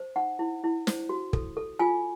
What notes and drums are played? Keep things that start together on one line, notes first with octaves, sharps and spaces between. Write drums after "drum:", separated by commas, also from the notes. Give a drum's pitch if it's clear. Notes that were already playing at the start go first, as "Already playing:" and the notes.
Already playing: C5
D#4 F#5
E4
E4
C5, drum: snare
F#4
A4, drum: kick
A4
F4 G#5